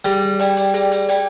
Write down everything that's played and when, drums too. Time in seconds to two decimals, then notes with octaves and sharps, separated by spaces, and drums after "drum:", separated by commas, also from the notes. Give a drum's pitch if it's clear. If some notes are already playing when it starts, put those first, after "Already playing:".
0.05 G3 G#4, drum: hi-hat
0.40 D5 G5, drum: hi-hat
0.57 drum: hi-hat
0.74 G#4, drum: hi-hat
0.91 drum: hi-hat
1.09 D5 G5, drum: hi-hat